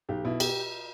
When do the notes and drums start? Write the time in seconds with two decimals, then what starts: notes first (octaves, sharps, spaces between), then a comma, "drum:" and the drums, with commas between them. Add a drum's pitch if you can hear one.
0.09 B1 G4
0.24 B2 E4
0.40 G4, drum: cymbal